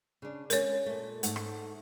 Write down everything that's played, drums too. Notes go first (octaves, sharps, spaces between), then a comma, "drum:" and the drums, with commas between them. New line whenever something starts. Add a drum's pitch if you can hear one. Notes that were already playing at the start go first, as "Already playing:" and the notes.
C#3 D4
G#3 C#4 A#4 C#5, drum: hi-hat
A#2 A3
G#2 A3 F#5, drum: hi-hat
drum: rim click